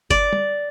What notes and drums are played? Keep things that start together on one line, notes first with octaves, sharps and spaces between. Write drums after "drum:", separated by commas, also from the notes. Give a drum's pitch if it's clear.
D5, drum: kick G1
drum: tom